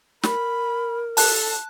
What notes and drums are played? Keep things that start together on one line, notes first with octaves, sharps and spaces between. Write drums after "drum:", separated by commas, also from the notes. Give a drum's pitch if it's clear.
A#4 B5, drum: snare
A4 A5 F#6, drum: open hi-hat